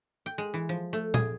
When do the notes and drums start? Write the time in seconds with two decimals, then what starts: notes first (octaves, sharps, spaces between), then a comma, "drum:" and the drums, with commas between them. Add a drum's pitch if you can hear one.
0.26 G5
0.38 G#3
0.54 E3
0.69 F3
0.93 A3
1.14 G#4, drum: tom A#2